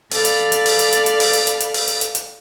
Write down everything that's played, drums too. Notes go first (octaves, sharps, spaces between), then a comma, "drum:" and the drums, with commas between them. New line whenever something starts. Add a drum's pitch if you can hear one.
A4 D5 F5 B5, drum: open hi-hat
drum: hi-hat
drum: hi-hat
drum: open hi-hat
drum: hi-hat
drum: hi-hat
drum: hi-hat
drum: open hi-hat
drum: hi-hat
drum: hi-hat
drum: hi-hat
drum: open hi-hat
drum: hi-hat
drum: hi-hat
drum: hi-hat